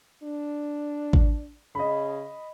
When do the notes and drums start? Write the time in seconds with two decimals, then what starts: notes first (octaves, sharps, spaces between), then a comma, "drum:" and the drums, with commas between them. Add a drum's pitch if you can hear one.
0.23 D4
1.13 drum: kick G#1
1.75 C#3 D#5 B5